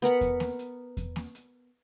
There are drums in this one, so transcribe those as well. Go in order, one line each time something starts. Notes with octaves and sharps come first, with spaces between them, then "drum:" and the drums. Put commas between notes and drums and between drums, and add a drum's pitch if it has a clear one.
B3 A#4 F#5 B5
drum: kick E2, hi-hat
drum: snare A#3
drum: hi-hat
drum: kick E2, hi-hat
drum: snare A#3
drum: hi-hat